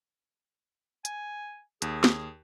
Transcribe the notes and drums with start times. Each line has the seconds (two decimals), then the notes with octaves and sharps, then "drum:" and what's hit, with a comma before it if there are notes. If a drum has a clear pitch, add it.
1.05 G#5, drum: hi-hat
1.82 D#2 G#4, drum: hi-hat
2.04 drum: snare